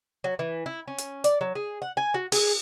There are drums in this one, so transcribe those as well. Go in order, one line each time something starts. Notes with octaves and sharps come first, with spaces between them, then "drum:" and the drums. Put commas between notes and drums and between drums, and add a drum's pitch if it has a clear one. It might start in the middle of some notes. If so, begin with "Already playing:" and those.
F#3
E3
E4
C#4
drum: hi-hat
D5, drum: hi-hat
F#3
G#4
F#5
G#5
F#4
G#4, drum: open hi-hat